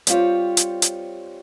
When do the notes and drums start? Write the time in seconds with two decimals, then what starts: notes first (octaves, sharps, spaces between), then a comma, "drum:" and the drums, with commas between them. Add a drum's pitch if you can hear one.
0.07 G3 C4 F4 C#5, drum: hi-hat
0.57 drum: hi-hat
0.82 drum: hi-hat